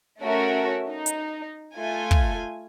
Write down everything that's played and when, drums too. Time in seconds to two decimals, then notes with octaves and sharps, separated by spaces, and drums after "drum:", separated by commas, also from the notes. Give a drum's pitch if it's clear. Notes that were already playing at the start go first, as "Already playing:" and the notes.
0.21 A3 C#4 F#4 A#4 E5
0.90 D#4
1.06 drum: hi-hat
1.77 A3 F4 G#5
2.11 drum: kick